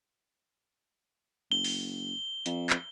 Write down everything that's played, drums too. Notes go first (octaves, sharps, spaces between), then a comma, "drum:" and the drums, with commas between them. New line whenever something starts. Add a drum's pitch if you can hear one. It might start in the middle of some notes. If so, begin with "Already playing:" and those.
F#1 G7
drum: open hi-hat
F2, drum: hi-hat
drum: clap